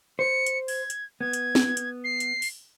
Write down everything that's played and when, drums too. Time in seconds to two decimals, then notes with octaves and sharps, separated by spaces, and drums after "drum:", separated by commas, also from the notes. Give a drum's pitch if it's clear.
0.19 C5 C#7
0.46 drum: hi-hat
0.68 G#6, drum: open hi-hat
0.90 drum: hi-hat
1.21 B3 G#6
1.33 drum: hi-hat
1.55 drum: snare
1.77 drum: hi-hat
2.04 C7
2.20 drum: hi-hat
2.42 drum: open hi-hat